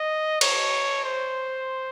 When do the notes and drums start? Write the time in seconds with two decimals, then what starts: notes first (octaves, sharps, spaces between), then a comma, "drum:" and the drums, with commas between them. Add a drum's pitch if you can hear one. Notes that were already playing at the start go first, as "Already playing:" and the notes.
Already playing: D#5
0.41 C#5, drum: cymbal
1.04 C5